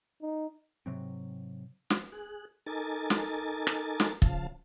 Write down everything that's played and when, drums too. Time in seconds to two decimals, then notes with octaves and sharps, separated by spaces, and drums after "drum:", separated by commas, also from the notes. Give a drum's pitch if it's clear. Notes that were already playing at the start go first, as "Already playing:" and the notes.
0.22 D#4
0.86 G#2 C3 F#3 C4
1.90 drum: snare
2.12 G#4 F#6
2.66 D#4 A4 A#4 G#5 D6 A6
3.10 drum: snare
3.67 drum: rim click
4.00 drum: snare
4.22 C#3 F3 F5 A5, drum: kick